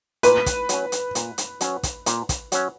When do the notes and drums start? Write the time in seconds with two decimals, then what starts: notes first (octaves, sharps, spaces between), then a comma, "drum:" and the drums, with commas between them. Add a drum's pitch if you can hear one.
0.23 A#2 B4, drum: hi-hat
0.46 drum: kick, hi-hat
0.69 F#3 C#4, drum: hi-hat
0.92 drum: hi-hat
1.15 A#2, drum: hi-hat
1.38 drum: hi-hat
1.61 F#3 C#4, drum: hi-hat
1.83 drum: kick, hi-hat
2.06 A#2, drum: hi-hat
2.29 drum: kick, hi-hat
2.52 F#3 C#4, drum: hi-hat